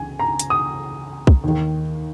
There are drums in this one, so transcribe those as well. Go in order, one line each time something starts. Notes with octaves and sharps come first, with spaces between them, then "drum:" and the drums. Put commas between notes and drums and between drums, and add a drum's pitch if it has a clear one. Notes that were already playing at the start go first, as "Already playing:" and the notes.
Already playing: C#2 C#3 E3 G#5
A#5
drum: hi-hat
D#6
drum: kick
D#2 D#3